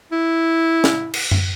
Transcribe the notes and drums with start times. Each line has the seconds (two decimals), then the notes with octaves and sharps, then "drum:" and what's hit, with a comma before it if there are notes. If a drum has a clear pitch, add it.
0.12 E4
0.84 drum: snare
1.14 drum: cymbal
1.31 drum: tom F#2